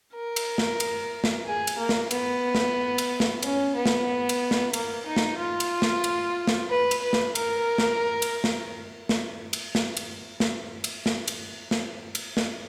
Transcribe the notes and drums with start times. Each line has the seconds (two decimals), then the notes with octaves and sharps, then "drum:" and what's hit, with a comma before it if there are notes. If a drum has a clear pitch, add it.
0.14 A#4
0.36 drum: cymbal
0.58 drum: snare
0.80 drum: cymbal
1.24 drum: snare
1.46 G#4
1.67 drum: cymbal
1.78 A#3
1.89 drum: snare
2.11 B3, drum: cymbal
2.55 drum: snare
2.98 drum: cymbal
3.20 drum: snare
3.43 C#4, drum: cymbal
3.75 B3
3.86 drum: snare
4.29 drum: cymbal
4.51 drum: snare
4.73 A#3, drum: cymbal
5.06 D#4
5.17 drum: snare
5.38 F4
5.60 drum: cymbal
5.82 drum: snare
6.04 drum: cymbal
6.47 drum: snare
6.70 B4
6.91 drum: cymbal
7.02 B4
7.13 drum: snare
7.35 A#4, drum: cymbal
7.78 drum: snare
8.22 drum: cymbal
8.44 drum: snare
9.09 drum: snare
9.53 drum: cymbal
9.75 drum: snare
9.97 drum: cymbal
10.40 drum: snare
10.84 drum: cymbal
11.06 drum: snare
11.28 drum: cymbal
11.71 drum: snare
12.15 drum: cymbal
12.37 drum: snare